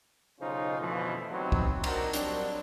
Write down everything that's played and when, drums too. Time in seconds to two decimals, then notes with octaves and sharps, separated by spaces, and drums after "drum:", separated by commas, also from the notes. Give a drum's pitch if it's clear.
0.40 B1 C#3 C#4 D#4 F4 C5
0.80 F2 B2 D3 E3 F3 A3
1.31 C3 F#3 B3 C4 D#4 B4
1.52 drum: kick
1.84 C4 D4 D#4 F#4 A#4, drum: cymbal
2.13 F#3 G3 C4 D4, drum: hi-hat